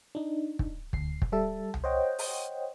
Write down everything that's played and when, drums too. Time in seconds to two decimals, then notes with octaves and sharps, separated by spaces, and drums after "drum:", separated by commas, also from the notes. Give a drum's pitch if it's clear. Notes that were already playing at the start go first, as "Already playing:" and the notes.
0.15 D4 D#4
0.59 drum: kick
0.93 D2 C7, drum: kick
1.22 drum: kick
1.32 G3 A4 E5 A5
1.74 drum: tom C2
1.84 C5 C#5 D#5 F#5 G5
2.19 drum: open hi-hat